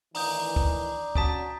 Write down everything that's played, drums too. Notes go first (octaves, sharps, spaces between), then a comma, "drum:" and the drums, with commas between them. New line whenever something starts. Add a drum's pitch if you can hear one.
A2 D#3 E3 D4 A#5 D#6 G6, drum: open hi-hat
drum: kick
C#4 F#4 D5 G#5 A5 D#6 B6, drum: kick